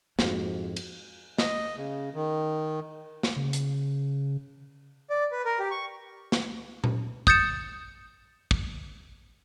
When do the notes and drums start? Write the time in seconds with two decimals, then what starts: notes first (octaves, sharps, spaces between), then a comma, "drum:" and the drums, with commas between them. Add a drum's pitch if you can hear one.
0.19 F2 G#2 F#4 G4 F5, drum: snare
0.76 drum: cymbal
1.38 D#5, drum: snare
1.77 C#3
2.14 D#3
3.23 drum: snare
3.36 C#3
3.53 drum: hi-hat
5.10 D5
5.32 B4
5.45 A#4
5.59 G4
5.71 C#6
6.32 drum: snare
6.84 drum: tom A#2
7.27 D#6 G6 A6 C#7 E7, drum: kick
8.51 drum: kick